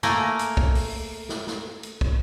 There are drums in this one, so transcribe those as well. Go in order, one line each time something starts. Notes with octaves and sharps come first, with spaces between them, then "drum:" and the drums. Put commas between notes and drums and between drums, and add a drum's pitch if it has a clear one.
A3 A#3 A#4 G#5, drum: snare
drum: hi-hat
drum: kick
drum: open hi-hat
drum: snare
drum: snare
drum: hi-hat
drum: kick